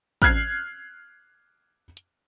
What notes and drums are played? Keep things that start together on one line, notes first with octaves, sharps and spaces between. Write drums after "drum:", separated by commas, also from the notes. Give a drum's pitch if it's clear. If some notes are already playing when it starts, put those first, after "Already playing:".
F6 F#6 G#6 C7, drum: kick
drum: hi-hat